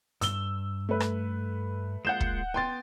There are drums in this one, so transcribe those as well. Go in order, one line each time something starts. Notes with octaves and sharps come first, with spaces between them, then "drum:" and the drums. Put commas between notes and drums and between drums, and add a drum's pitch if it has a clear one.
G2 E6 G7, drum: hi-hat
A3 B4
drum: rim click
G#3 A#3 F4 F#5 G6 E7
drum: kick
B3 G5 C6 A6